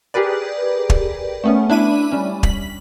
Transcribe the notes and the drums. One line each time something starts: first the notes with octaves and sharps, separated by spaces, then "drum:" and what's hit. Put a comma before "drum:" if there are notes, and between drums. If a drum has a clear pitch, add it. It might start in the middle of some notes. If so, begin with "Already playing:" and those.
G4 G#4 A#4 B4 D5
drum: kick
A3 B3 C#4
D4 E4 E5 B5 D6 D#7
G3 C#4
B6 F#7, drum: kick